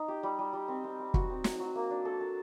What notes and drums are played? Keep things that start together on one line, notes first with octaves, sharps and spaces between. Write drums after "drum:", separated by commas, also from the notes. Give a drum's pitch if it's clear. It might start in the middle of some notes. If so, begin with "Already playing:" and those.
Already playing: D#4
G4
G3
G3
G3
C4
C4
C4
F#4, drum: kick
C4
F#3, drum: snare
F#3
A#3
D4
A4
A4